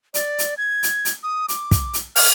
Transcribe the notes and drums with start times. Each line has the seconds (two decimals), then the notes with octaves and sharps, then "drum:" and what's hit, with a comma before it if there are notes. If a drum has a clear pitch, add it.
0.14 D5, drum: hi-hat
0.39 drum: hi-hat
0.58 G#6
0.83 drum: hi-hat
1.05 drum: hi-hat
1.23 D#6
1.48 D6, drum: hi-hat
1.71 drum: kick, hi-hat
1.94 drum: hi-hat
2.16 F6, drum: open hi-hat